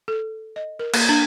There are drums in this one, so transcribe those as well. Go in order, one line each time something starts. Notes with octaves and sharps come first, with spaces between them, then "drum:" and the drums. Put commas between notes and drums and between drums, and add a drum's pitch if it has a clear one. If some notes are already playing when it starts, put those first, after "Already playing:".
A4
D#5
A#4
A#3, drum: cymbal
D4